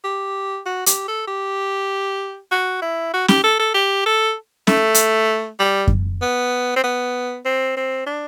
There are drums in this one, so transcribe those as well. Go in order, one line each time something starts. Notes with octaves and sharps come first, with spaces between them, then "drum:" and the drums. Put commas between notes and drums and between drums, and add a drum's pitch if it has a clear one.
G4
F#4
G4, drum: hi-hat
A4
G4
F#4
E4
F#4
G4, drum: snare
A4
A4
G4
A4
A3, drum: snare
drum: hi-hat
G3
drum: kick F#2
B3
C4
B3
C4
C4
D4